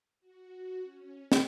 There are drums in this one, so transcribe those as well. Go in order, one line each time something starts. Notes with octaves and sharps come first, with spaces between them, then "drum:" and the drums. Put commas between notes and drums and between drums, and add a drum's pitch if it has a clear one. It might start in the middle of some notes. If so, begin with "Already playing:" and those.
F#4
C#4
drum: snare